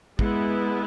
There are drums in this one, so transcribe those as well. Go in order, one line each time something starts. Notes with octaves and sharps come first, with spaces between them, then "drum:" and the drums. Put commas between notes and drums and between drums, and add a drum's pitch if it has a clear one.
G#3 B3 E4, drum: kick